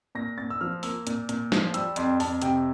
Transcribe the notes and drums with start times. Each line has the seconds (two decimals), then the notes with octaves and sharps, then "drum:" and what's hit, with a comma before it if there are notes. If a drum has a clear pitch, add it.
0.15 A#2 A#6
0.38 A#2 A6
0.50 E6
0.61 F3 F6
0.83 A#3 E6, drum: open hi-hat
1.07 A#2, drum: hi-hat
1.29 A#2, drum: hi-hat
1.52 F3, drum: snare
1.74 G3 E6, drum: hi-hat
1.96 F2 C6, drum: hi-hat
2.20 F2 A5, drum: open hi-hat
2.42 C3 G5, drum: hi-hat